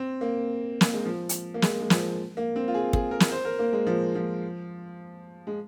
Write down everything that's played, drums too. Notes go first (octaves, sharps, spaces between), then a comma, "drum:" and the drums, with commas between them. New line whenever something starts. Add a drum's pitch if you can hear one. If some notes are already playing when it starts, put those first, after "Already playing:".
Already playing: C4
A#3
A#3, drum: snare
G#3
F3
drum: hi-hat
A#3
G#3, drum: snare
G#3
F3, drum: snare
A#3
C4
F4
G#4
G#4, drum: kick
A#4
drum: snare
C5
A#4
A#3
G#3
F3
F3
G#3